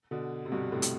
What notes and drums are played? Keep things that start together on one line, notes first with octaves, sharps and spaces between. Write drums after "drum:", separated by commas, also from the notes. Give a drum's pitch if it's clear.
B2 D3
C3
G2 B2
A2 C3
drum: hi-hat